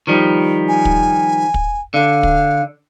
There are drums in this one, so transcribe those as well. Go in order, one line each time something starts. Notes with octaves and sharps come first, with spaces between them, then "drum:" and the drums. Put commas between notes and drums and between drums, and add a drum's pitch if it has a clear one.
D#3 F3 G3
G#5
drum: kick
drum: kick
D3 F5
drum: kick